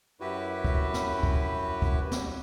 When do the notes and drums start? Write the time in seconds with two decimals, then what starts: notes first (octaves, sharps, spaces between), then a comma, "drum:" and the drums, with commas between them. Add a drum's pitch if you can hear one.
0.20 F#2 E4 F#4 G4 B4
0.65 drum: kick
0.94 drum: snare
1.23 drum: kick
1.82 drum: kick
2.11 drum: snare